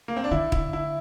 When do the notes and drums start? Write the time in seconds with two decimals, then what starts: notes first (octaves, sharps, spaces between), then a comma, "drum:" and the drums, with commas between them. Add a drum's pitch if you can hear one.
0.08 A#3
0.16 C4
0.24 D4
0.31 D3 E4
0.52 E4, drum: kick
0.73 E4